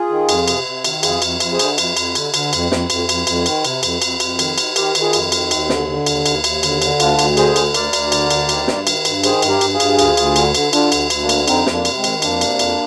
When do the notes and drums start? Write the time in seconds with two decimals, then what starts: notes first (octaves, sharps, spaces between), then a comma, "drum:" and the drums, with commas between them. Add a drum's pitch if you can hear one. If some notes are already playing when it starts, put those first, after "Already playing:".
Already playing: F4 G#4
0.10 D#3
0.29 F2, drum: cymbal
0.48 C3, drum: cymbal
0.66 C3
0.84 D#3, drum: cymbal
1.03 F2 F4 G#4, drum: cymbal
1.22 F2, drum: cymbal
1.40 F2, drum: cymbal
1.52 G#4 C5
1.59 D3, drum: cymbal
1.78 F2, drum: cymbal
1.97 F2, drum: cymbal
2.15 D3, drum: cymbal
2.34 D3, drum: cymbal
2.53 F2, drum: cymbal
2.72 F2, drum: snare
2.90 F2, drum: cymbal
3.09 F2, drum: cymbal
3.27 F2, drum: cymbal
3.46 D#3, drum: cymbal
3.64 C3, drum: cymbal
3.83 F2, drum: cymbal
4.02 F2, drum: cymbal
4.20 F2, drum: cymbal
4.39 D#3, drum: cymbal
4.58 D#3, drum: cymbal
4.76 D#3 G4 A#4, drum: cymbal
4.95 D#3, drum: cymbal
5.01 F4 G#4
5.13 F2, drum: cymbal
5.32 D#3, drum: cymbal
5.51 D#2, drum: cymbal
5.69 D3, drum: snare
5.88 D3
6.06 D#2, drum: cymbal
6.26 D#2, drum: cymbal
6.44 D#2, drum: cymbal
6.63 D3, drum: cymbal
6.82 D3, drum: cymbal
7.00 D2 D4 F4, drum: cymbal
7.19 D2, drum: cymbal
7.37 D3 G#4 C5, drum: cymbal
7.56 D2, drum: cymbal
7.74 D2 A#4 D5, drum: cymbal
7.93 D2, drum: cymbal
8.12 D3, drum: cymbal
8.30 D2, drum: cymbal
8.49 D#3, drum: cymbal
8.68 G2, drum: snare
8.87 D#3, drum: cymbal
9.05 G2, drum: cymbal
9.24 D#3 G#4 C5, drum: cymbal
9.42 G2, drum: cymbal
9.49 G4 A#4
9.61 G2, drum: cymbal
9.73 F4 G#4
9.80 G2, drum: cymbal
9.99 D2, drum: cymbal
10.17 D2, drum: cymbal
10.36 D3, drum: cymbal
10.55 D3, drum: cymbal
10.73 D3 D4 F4, drum: cymbal
10.92 D2, drum: cymbal
11.10 D2, drum: cymbal
11.23 A#3 D4
11.29 D3, drum: cymbal
11.48 F2 C4 D#4, drum: cymbal
11.67 F2, drum: snare
11.73 A#3 D4
11.85 C3, drum: cymbal
11.97 G#3 C4
12.04 D#3, drum: cymbal
12.22 F2 A#3 D4, drum: cymbal
12.41 C3, drum: cymbal
12.59 F2, drum: cymbal